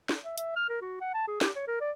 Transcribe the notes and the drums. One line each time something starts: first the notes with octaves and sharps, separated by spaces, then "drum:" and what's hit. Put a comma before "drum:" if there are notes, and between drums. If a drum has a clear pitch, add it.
drum: snare
E5
E5, drum: hi-hat
F6
A#4
F#4
F#5
A5
G#4
G4, drum: snare
C#5
A#4
D5